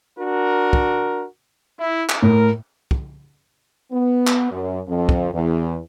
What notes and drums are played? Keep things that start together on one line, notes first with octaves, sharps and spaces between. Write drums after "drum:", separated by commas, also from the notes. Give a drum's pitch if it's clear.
D4 F#4 A#4
drum: kick
E4
drum: clap
A2 A#4
drum: kick
B3
drum: clap
F#2
F2
drum: kick
E2